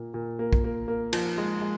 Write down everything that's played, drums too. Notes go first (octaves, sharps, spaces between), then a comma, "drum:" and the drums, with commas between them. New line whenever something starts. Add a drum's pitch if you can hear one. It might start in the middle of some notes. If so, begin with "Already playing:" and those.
Already playing: A#2 A#3
A#2
A#3
drum: kick
A#3
A#3
F3, drum: cymbal
G#3
G#3